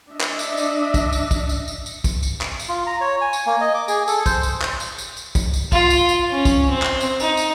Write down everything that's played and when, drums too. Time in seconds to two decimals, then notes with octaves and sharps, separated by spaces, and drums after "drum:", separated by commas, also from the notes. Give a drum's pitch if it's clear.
0.10 D4 D#5 E5
0.21 drum: clap
0.39 drum: tambourine
0.57 drum: tambourine
0.94 drum: kick, tambourine
1.12 drum: tambourine
1.31 drum: kick, tambourine
1.49 drum: tambourine
1.68 drum: tambourine
1.86 drum: tambourine
2.04 drum: kick, tambourine
2.23 drum: tambourine
2.41 drum: clap
2.59 drum: tambourine
2.69 F4
2.87 A#5
3.01 C#5
3.21 G#5
3.33 drum: tambourine
3.46 A#3
3.61 D#5
3.74 D6
3.88 G#4, drum: tambourine
4.08 A4, drum: tambourine
4.26 C5, drum: kick, tambourine
4.43 drum: tambourine
4.62 drum: clap
4.80 drum: tambourine
4.98 drum: tambourine
5.17 drum: tambourine
5.35 drum: kick, tambourine
5.53 drum: tambourine
5.72 F4, drum: kick, tambourine
5.90 drum: tambourine
6.09 drum: tambourine
6.30 C#4
6.45 drum: kick, tambourine
6.69 C4
6.82 drum: clap
7.00 drum: tambourine
7.20 D#4, drum: tambourine
7.37 drum: tambourine